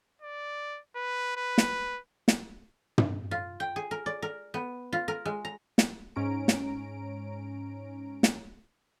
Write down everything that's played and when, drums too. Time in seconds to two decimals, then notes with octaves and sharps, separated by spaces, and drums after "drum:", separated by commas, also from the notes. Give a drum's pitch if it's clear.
0.22 D5
0.95 B4
1.37 B4
1.58 drum: snare
2.28 drum: snare
2.98 drum: tom
3.31 F4
3.60 G5
3.76 G#4
3.91 A#4
4.06 D5
4.22 A#4
4.54 B3
4.93 F4
5.08 A#4
5.26 G#3
5.45 A#5
5.78 drum: snare
6.16 G#2 C#4 A#5 D7
6.48 drum: snare
8.23 drum: snare